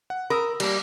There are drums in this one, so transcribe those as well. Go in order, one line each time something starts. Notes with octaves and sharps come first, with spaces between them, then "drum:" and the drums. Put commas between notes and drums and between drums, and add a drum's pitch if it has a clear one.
F#5
A#4 B5 D#6 E6
G3 A#3, drum: cymbal